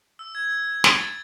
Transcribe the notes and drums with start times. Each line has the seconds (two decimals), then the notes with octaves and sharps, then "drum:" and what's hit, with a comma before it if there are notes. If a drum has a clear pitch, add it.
0.19 E6
0.35 G#6
0.51 E6
0.68 G#6
0.84 A6, drum: snare
0.99 A6